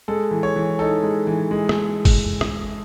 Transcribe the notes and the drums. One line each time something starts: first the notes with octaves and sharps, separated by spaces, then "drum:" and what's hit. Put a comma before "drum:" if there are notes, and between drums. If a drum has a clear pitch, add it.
G#3 A4
E3
C#5
E3
D#4 A4
G#3
E3
G#3
drum: rim click
drum: kick, open hi-hat
drum: rim click